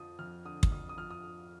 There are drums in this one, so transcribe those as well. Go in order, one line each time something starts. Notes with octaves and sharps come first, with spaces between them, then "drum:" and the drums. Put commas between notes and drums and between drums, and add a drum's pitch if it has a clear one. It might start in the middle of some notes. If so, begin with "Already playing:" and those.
Already playing: F2 D3 F3 D#6
F2 F6
D3 D#6
drum: kick
F2 D#6
D#6
F3 F6
D#6